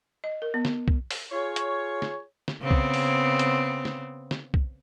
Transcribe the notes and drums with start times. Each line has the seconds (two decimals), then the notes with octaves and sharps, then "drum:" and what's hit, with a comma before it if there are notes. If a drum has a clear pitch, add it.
0.24 D#5
0.42 A#4
0.54 B3
0.65 drum: snare
0.88 drum: kick
1.11 drum: open hi-hat
1.32 F4 G#4 C#5
1.56 drum: hi-hat
2.02 drum: snare
2.48 drum: snare
2.61 C#3 B3 C4
2.71 drum: kick
2.94 drum: open hi-hat
3.39 drum: hi-hat
3.85 drum: snare
4.31 drum: snare
4.54 drum: kick